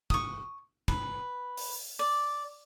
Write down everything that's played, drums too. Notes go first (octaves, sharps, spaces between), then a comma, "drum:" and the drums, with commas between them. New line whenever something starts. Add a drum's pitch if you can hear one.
C#6 D#6, drum: kick
B4, drum: kick
drum: open hi-hat
D5